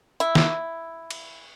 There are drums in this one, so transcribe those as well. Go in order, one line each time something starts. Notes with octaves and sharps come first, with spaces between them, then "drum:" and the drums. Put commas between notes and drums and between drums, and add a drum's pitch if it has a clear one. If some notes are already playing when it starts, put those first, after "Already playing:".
E4, drum: hi-hat
drum: snare
drum: cymbal